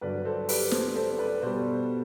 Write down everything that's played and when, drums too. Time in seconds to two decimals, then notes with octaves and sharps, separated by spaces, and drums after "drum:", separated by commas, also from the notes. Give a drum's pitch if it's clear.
0.01 G2 D3 F#3 B4 D5
0.25 A4 C5
0.49 G4 B4, drum: open hi-hat
0.71 A4 C5, drum: snare
0.95 A4 C5
1.19 B4 D5
1.42 B2 G3 A4 C5